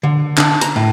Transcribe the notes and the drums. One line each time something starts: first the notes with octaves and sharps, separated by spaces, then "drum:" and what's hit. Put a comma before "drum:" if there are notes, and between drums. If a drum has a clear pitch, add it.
D3
D4, drum: clap
A#5, drum: hi-hat
A2